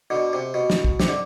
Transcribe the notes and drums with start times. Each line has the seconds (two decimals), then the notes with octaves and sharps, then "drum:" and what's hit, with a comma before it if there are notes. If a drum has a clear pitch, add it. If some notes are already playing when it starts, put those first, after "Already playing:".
0.10 B2 D3
0.33 C3
0.54 B2
0.70 drum: snare
0.84 drum: kick
1.00 C3, drum: snare
1.08 D3